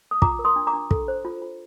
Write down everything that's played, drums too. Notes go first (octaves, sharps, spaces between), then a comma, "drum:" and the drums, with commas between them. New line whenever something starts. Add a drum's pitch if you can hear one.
D#6
F4 A#5 D6, drum: kick
A#4
C6 D#6
D4
A#5 D6
D4
A4, drum: kick
C5
F4
F4